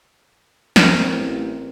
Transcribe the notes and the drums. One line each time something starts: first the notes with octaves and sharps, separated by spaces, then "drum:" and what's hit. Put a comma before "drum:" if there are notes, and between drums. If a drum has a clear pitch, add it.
G#1 C4 A#4, drum: snare
A1